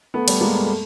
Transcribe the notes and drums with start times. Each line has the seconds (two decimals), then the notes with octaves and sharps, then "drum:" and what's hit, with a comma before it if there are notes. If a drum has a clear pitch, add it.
0.14 A3 B3
0.28 G3 A3, drum: cymbal
0.41 G#3 A#3
0.55 A#3
0.65 A3